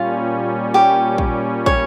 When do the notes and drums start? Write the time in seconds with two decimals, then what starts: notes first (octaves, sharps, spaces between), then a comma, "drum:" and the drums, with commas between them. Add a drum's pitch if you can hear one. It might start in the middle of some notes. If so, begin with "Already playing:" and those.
Already playing: A#2 G3 C#4 F4
0.74 G4
1.18 drum: kick
1.66 C#5, drum: kick